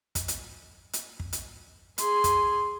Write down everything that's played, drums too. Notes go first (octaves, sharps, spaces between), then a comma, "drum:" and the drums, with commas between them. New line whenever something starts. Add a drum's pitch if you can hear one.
drum: kick, hi-hat
drum: hi-hat
drum: hi-hat
drum: kick
drum: hi-hat
G#4 C6, drum: hi-hat
drum: kick, hi-hat